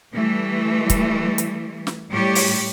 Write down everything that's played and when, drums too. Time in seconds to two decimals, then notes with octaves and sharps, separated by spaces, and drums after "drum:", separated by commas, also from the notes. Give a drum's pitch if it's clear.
0.14 E3 G3 A3
0.90 drum: kick, hi-hat
1.38 drum: hi-hat
1.87 drum: snare
2.11 A2 G3 G4 C#5
2.35 drum: open hi-hat